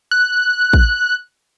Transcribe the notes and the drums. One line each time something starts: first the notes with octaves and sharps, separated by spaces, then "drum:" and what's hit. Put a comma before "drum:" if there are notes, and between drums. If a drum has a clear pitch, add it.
F#6
drum: kick